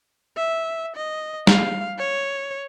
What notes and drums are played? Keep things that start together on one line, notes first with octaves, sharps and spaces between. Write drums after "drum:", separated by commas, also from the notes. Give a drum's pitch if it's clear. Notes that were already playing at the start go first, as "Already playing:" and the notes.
E5
D#5
F5, drum: snare
C#5